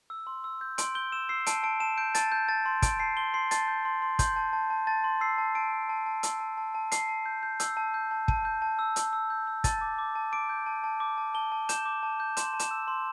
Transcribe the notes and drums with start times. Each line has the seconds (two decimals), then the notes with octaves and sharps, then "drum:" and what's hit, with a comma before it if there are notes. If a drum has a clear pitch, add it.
0.10 E6
0.27 C6
0.44 E6
0.61 G6
0.78 C6 D7, drum: hi-hat
0.95 G6 G7
1.12 E6 E7
1.29 E6 C7
1.46 A5 D7, drum: hi-hat
1.63 A5 D7
1.80 A5 E7
1.98 G6 D7
2.15 A5 A6, drum: hi-hat
2.32 A5 G6
2.49 A5 A6
2.66 C6
2.82 A5 D7, drum: kick, hi-hat
3.00 A5 C7
3.17 C6 G7
3.34 C6 C7
3.51 A5 A6, drum: hi-hat
3.68 G6
3.85 C6
4.02 C6
4.19 C6 G6, drum: kick, hi-hat
4.36 A5
4.53 A5
4.70 A5
4.87 A5 A6
5.04 C6
5.21 E6 C7
5.38 A5
5.55 A5 D7
5.72 A5
5.89 A5
6.06 A5
6.23 E6, drum: hi-hat
6.40 A5
6.58 A5
6.75 A5
6.92 A5 C7, drum: hi-hat
7.09 A5
7.26 G6
7.43 G6
7.60 E6 G6, drum: hi-hat
7.77 A5
7.94 G6
8.11 A5
8.28 A5, drum: kick
8.45 G6
8.62 A5
8.79 E6
8.96 A5, drum: hi-hat
9.13 E6
9.30 G6
9.47 E6
9.64 A5 A6, drum: kick, hi-hat
9.81 D6
9.98 D6
10.16 A5
10.32 D6 D7
10.49 G6
10.66 A5
10.84 A5
11.00 D6
11.18 A5
11.34 A5 G7
11.52 A5
11.69 G6 E7, drum: hi-hat
11.86 D6
12.03 A5
12.20 G6
12.37 C6 E7, drum: hi-hat
12.54 A5
12.59 E7, drum: hi-hat
12.71 E6
12.88 C6